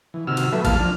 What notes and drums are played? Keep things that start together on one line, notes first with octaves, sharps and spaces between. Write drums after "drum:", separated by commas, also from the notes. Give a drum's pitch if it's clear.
E3
C3 D#3 F#4 E6 F6
drum: cymbal
F#3 A3 A4 B4 E5
E2 G3 A#3 F5 A5 F6, drum: kick A1, cymbal
F3 D4 F6